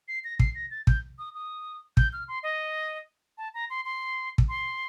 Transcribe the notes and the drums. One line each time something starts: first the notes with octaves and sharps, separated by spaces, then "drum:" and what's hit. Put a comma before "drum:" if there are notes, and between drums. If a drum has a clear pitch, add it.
C7
A#6
C7, drum: kick
A#6
A6
G6, drum: kick
D#6
D#6
G6, drum: kick
F6
C6
D#5
A5
A#5
C6
C6
drum: kick
C6